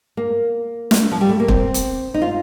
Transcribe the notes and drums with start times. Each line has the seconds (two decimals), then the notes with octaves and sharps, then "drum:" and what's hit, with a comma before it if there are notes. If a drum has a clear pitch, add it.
0.17 A#3
0.91 drum: snare
1.11 F3
1.21 G3
1.29 A3
1.40 A#3
1.48 C4, drum: kick
1.74 drum: hi-hat
2.14 D#4
2.22 F4